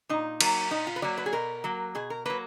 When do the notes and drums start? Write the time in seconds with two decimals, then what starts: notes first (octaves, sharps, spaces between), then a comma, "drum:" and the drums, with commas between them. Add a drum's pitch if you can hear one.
0.09 A#2 D#4
0.41 F#3 A#3, drum: cymbal
0.71 A#2 D#4
0.87 F4
0.96 B4
1.02 F#3 A#3 D5
1.18 B4
1.26 G#4
1.33 B2 A#4
1.64 F#3 A#3
1.95 B2 G#4
2.10 A#4
2.26 F#3 A#3 B4